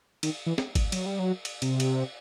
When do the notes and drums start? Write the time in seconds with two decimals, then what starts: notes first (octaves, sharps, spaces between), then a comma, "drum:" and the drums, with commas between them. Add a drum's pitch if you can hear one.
0.23 D#3, drum: cymbal
0.46 E3
0.58 drum: snare
0.75 drum: kick G#1, cymbal
0.92 F#3, drum: cymbal
1.06 G3
1.19 F#3
1.45 drum: cymbal
1.62 C3, drum: cymbal
1.80 drum: cymbal